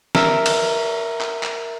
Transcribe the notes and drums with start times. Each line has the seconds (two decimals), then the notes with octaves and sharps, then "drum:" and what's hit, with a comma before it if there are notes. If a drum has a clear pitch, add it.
0.15 A#4 E5, drum: snare
0.46 drum: cymbal
1.21 drum: clap
1.43 drum: clap